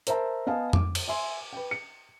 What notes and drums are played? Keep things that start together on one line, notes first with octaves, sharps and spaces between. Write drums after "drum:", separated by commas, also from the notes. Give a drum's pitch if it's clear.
A#4 C5 E5 A5 A#5, drum: hi-hat
B3 D#5 F5 F#5 G#5 A5
D6, drum: tom F2
drum: cymbal
E5 G#5 C6
B4 G5
C#7